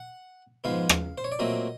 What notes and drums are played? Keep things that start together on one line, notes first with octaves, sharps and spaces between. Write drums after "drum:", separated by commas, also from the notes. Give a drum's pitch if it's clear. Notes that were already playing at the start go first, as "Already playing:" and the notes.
Already playing: F#5
G#2 F3 G#3 B3 F5
drum: rim click
C5
C#5
D5
A#2 F#3 A3 C4 D#5